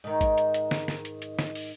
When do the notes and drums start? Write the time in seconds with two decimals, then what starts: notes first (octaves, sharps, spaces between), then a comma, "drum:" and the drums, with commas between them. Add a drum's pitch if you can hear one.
0.04 G#2 D#3
0.21 drum: kick G#1, hi-hat
0.38 drum: hi-hat
0.54 drum: hi-hat
0.71 drum: snare
0.88 drum: snare
1.05 drum: hi-hat
1.22 drum: hi-hat
1.39 drum: snare
1.55 drum: open hi-hat